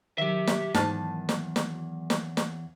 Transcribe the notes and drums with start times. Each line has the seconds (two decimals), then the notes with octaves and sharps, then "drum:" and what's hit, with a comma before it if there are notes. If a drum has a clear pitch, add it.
0.18 D#3 F#3 G4 E5
0.47 drum: snare
0.75 E2 G#2 A5 F6, drum: snare
1.29 drum: snare
1.56 drum: snare
2.10 drum: snare
2.37 drum: snare